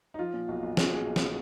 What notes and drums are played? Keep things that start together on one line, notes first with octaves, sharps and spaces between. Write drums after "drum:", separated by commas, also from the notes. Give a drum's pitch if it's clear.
D#4
F3 F4
A#2
B1 F#4
B1
F3 G#4, drum: snare
F#4
A#2 G#4
B1
drum: snare